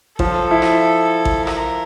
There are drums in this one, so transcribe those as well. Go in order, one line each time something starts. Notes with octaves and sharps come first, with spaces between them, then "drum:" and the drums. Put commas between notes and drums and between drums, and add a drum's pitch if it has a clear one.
F3 A4, drum: kick A1
E4
drum: rim click
drum: kick A1
A#4, drum: rim click